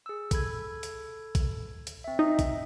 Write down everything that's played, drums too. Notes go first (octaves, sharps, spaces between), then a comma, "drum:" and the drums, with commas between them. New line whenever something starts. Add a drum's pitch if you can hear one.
G#4 E6
A4 B5 G#6, drum: kick, hi-hat
drum: hi-hat
drum: kick, hi-hat
drum: hi-hat
C4 E5
D#4 D#5 E5
drum: kick, hi-hat